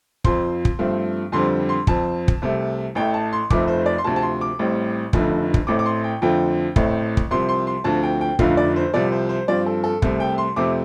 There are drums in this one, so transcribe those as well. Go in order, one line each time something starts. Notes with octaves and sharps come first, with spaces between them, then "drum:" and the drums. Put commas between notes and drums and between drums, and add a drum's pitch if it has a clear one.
F2 F3 C4 C6, drum: kick
drum: kick
G2 F3 A3 C4
F2 D3 G3 C4 C6
C6
F2 F3 C4 A5, drum: kick
drum: kick
C2 C3 A3
A1 A2 A3 G5
A5
C6
F1 F2 F3 A3 C4 D6, drum: kick
C5
D5
C6
D2 C3 F3 A5
A5
C6
D6
A1 A2 G3 C4
F1 F2 D3 F3 A3, drum: kick
drum: kick
A1 A2 A3 C4 D6
D6
C6
G5
F2 D3 F3 A3 C4 G5
A1 A2 A3 C4, drum: kick
drum: kick
C2 C3 F3 C4 C6
C6
C6
D2 D3 F3 C4 A5
G5
G5
F1 F2 D3 F3 A3 F5, drum: kick
D5
C5
C2 C3 F3 D5
C5
C5
G2 F3 C4 D5
A4
A4
C2 C3 A3 C4, drum: kick
G5
C6
F2 C3 A3 C4 D6